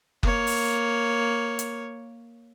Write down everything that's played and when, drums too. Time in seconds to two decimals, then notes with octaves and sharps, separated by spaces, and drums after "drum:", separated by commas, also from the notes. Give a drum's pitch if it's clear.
0.23 A#3 C#5, drum: kick F#1
0.47 drum: open hi-hat
1.59 drum: hi-hat